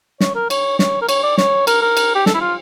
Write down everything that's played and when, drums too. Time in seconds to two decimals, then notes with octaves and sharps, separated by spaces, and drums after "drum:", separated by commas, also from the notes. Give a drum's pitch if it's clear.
0.20 C#5, drum: snare
0.35 A#4
0.50 C#5, drum: cymbal
0.79 C#5, drum: snare
1.02 A#4
1.09 C#5, drum: cymbal
1.23 D5
1.38 C#5, drum: snare
1.67 A#4, drum: cymbal
1.82 A#4
1.97 drum: cymbal
2.15 G4
2.26 A4, drum: snare
2.34 E4
2.41 F4